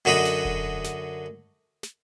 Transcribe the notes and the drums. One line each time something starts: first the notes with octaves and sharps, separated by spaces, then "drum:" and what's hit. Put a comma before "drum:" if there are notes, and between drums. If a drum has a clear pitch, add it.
F#2 D3 F#4 D#5 B5
drum: snare
drum: kick E1
drum: snare
drum: snare